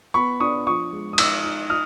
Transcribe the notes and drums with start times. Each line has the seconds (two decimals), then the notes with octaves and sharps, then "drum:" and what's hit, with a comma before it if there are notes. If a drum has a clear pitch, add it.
0.14 B3 B5 C#6
0.40 D4 C#6 D#6
0.67 F3 C#6 D#6
0.93 G#3
1.13 D#6
1.18 D#4 D6 E6, drum: cymbal
1.44 D#4
1.70 D#6 F6